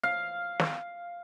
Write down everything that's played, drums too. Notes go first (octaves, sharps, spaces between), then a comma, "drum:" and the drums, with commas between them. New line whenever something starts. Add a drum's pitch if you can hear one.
F5
drum: snare